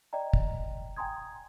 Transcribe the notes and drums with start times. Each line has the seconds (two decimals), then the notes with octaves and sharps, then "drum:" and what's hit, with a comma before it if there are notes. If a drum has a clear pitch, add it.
0.13 D5 D#5 G5 A#5
0.33 drum: kick
0.96 G5 G#5 A#5 C6 D#6 G#6